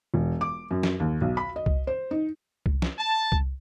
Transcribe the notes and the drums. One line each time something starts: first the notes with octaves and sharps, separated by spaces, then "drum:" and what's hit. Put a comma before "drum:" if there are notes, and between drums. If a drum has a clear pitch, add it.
E1
D6
F#2
drum: snare
D#2
B1
B5
D#5
drum: kick C2
C5
D#4
drum: kick C2
drum: snare
A5
drum: kick C2